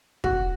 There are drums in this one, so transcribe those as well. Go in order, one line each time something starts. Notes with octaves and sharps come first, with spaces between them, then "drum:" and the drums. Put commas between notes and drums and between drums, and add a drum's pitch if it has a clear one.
F#4, drum: kick